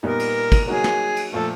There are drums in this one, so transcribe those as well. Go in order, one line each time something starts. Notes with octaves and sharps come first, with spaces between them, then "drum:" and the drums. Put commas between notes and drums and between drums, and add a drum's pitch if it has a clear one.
A#2 G3 B3 D#4 A#4
drum: cymbal
drum: kick, cymbal
F#3 A#3 D#4 F#4 G#4 A#4
drum: snare
drum: cymbal
A#2 F3 A3 A4